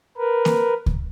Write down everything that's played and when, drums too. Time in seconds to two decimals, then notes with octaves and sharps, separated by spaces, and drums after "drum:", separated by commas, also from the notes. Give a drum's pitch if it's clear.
0.18 A#4 B4
0.45 drum: snare A#3
0.86 drum: kick C#2